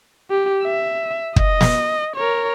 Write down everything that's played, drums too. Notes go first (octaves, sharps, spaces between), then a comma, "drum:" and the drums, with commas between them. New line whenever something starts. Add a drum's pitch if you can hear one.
G4
E5
D#5, drum: kick
drum: snare
A#4 C#5